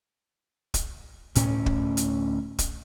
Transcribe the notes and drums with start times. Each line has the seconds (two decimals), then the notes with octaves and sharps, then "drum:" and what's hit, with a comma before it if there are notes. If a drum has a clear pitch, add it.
0.74 drum: kick, hi-hat
1.35 D2 A2 C#4, drum: hi-hat
1.66 drum: kick
1.97 drum: hi-hat
2.59 drum: kick, hi-hat